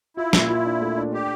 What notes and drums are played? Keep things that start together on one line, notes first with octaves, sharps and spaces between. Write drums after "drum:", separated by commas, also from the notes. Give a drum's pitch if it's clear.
E4 F4
A#2, drum: snare
F4
D4
A3
D4
D4 G4